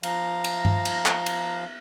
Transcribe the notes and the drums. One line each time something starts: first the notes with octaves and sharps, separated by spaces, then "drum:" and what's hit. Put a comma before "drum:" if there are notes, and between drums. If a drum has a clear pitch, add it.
F3 F5 A#5, drum: cymbal
drum: cymbal
drum: tom G2
drum: cymbal
drum: clap
drum: cymbal